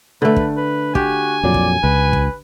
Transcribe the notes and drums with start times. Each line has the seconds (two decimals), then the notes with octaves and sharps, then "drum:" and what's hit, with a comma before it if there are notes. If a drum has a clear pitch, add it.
0.22 D3 A3 B4
0.36 drum: kick
0.57 B4
0.95 F#4 G4 G#5, drum: kick
1.44 F2 A#2 F#3 D5
1.54 drum: kick
1.84 C#2 B4
2.13 drum: kick